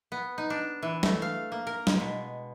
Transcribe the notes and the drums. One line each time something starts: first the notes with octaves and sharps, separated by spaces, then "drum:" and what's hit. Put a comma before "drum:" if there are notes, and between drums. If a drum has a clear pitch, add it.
B3
D#4
D4
E3
A3, drum: snare
F5
A#3
A#4
G#3, drum: snare
B2